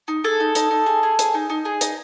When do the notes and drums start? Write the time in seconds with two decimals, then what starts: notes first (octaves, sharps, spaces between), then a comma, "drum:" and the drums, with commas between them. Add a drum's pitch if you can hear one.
0.08 D#4
0.24 G#4 A4
0.40 D#4
0.55 D#4, drum: hi-hat
0.71 D#4
0.86 G#4
1.03 G#4
1.19 G#4, drum: hi-hat
1.34 D#4
1.50 D#4
1.65 G#4
1.81 D#4, drum: hi-hat